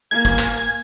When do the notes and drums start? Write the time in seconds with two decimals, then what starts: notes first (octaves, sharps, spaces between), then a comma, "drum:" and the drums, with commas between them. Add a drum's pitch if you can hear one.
0.11 A#3 G#5 G#6
0.25 drum: kick, tambourine
0.39 drum: clap
0.52 drum: tambourine